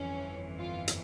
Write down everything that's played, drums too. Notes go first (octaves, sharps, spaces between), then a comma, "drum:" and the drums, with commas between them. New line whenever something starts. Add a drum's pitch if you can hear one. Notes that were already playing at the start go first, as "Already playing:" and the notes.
Already playing: G1 F2 E3 C#4
F4
drum: hi-hat